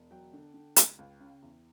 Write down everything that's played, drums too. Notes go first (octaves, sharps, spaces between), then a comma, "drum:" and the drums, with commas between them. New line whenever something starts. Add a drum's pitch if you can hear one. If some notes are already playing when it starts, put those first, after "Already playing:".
Already playing: E1
F#3 G5
D3
D3
C#2, drum: hi-hat
C#2
C#3
E2